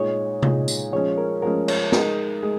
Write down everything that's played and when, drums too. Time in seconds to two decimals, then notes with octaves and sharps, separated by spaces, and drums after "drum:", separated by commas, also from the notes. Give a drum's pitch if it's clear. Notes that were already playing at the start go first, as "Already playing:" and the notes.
Already playing: A#2 G#3 D#4 C#5
0.42 A#2 G#3 D#4, drum: tom C3
0.68 drum: tambourine
0.92 F3 G#3 C#4 C#5
1.18 A#4
1.42 F3 G#3 C#4 A#4
1.68 C#5, drum: cymbal
1.92 G#3 D#4 G#4 A#4, drum: snare
2.43 G#3